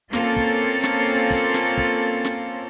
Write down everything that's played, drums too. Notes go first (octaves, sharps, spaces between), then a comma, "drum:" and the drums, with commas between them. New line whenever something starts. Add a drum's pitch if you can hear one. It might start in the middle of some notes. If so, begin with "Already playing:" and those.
A#3 C4 C#4 F4 A4, drum: snare
drum: kick
drum: snare
drum: kick
drum: snare
drum: kick
drum: snare